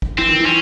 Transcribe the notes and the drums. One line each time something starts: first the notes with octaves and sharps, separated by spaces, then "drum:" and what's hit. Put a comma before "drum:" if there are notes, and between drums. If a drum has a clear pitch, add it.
drum: kick
E3 C4
D#3
E3
C#4